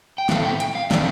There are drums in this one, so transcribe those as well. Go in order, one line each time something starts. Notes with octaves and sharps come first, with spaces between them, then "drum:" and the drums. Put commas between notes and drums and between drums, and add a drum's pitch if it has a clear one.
G5
A2 A3 C4 F5, drum: snare
G5
G5, drum: hi-hat
F5
D3 F3 A3 C4 D5, drum: snare